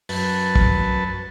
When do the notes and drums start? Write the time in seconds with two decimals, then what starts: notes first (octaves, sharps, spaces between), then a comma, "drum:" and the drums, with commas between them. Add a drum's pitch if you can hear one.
0.09 F#2 B4 A5, drum: open hi-hat
0.56 drum: kick